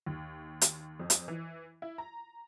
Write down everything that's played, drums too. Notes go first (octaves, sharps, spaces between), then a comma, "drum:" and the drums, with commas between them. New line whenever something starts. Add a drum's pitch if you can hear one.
D#2
drum: hi-hat
F2
drum: hi-hat
E3
E4
A#5